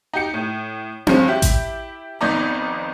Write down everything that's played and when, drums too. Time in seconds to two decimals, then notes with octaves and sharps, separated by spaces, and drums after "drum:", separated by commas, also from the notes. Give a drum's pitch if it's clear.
0.14 D#4 G4 C#7
0.34 A2
1.07 G2 F3 G#3 C#4, drum: tom C4
1.28 E4 G4
1.42 drum: kick A1, hi-hat
2.21 G#1 F2 B3 D#4 D5 A#5